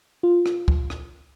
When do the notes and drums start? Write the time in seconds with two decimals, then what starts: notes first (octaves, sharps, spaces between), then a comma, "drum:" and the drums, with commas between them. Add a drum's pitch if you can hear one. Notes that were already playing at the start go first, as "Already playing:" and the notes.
0.23 F4
0.46 drum: rim click
0.68 drum: kick
0.90 drum: rim click